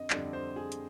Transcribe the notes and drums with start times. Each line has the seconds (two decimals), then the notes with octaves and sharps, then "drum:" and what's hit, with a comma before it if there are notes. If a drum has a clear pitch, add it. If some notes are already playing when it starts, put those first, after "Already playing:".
Already playing: F2 D3 D#5
0.10 F2 D3 G3 D5, drum: clap
0.33 C5
0.56 G#4
0.72 drum: hi-hat